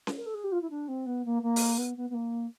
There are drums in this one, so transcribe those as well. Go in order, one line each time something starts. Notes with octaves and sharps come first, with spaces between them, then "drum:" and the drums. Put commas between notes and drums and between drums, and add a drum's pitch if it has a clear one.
drum: snare C#4
A#4
A4
G#4
G4
F4
E4
D4
C4
B3
A#3
A#3
drum: open hi-hat
B3
B3
B3
A#3